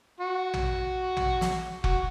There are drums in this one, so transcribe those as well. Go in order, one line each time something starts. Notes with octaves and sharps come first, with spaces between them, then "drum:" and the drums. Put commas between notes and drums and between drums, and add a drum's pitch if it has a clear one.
F#4
drum: tom
drum: tom
drum: snare
F#4, drum: kick F1